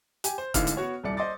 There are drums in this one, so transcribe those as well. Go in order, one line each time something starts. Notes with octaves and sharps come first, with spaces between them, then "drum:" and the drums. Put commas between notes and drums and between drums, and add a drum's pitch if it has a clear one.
G4 G#5, drum: hi-hat
C5
A1 G#2 D3 E3 F5 F6, drum: kick, hi-hat
drum: hi-hat
B3 F#4 C#5
D#1 C2 E4 D5 C#7
C5 D5 D#5 C6 D6 A6